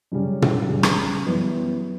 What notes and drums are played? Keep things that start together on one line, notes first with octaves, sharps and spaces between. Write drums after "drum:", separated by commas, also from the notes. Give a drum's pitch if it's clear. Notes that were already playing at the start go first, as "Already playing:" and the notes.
F#2 C#3 G3 C#4
drum: tom
F#2 C#3 G3 C#4
drum: rim click
F#2 E3 G3 B3